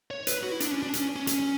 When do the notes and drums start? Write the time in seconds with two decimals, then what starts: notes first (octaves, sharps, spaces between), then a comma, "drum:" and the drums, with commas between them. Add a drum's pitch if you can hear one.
0.11 C#5
0.27 B4, drum: hi-hat
0.43 F#4
0.52 E4
0.60 D4, drum: hi-hat
0.71 C#4
0.83 D4
0.94 C#4, drum: hi-hat
1.16 C#4
1.27 C#4, drum: hi-hat